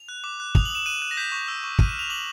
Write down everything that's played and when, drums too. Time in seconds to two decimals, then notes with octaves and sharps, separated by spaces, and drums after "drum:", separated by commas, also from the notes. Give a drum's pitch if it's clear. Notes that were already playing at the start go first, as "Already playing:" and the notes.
Already playing: F7
0.08 F#6
0.24 D6
0.40 F#6
0.55 D#6 F7, drum: kick
0.65 F#7
0.70 D#6 E7
0.86 F#6 D#7
1.02 F#6
1.11 A#6
1.17 G6 B6
1.32 C#6
1.48 E6
1.64 C#6
1.79 F6 D#7, drum: kick
1.89 E7
1.94 F6
1.99 F7
2.10 D6 F#7